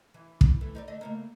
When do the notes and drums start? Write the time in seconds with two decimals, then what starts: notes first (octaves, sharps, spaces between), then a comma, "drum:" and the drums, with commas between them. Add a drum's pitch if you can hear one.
0.14 E3
0.41 drum: kick
0.61 E3 A3
0.75 D#4 A#4 D5
0.88 D3 A3 D#5
1.01 C#3 A3 A#3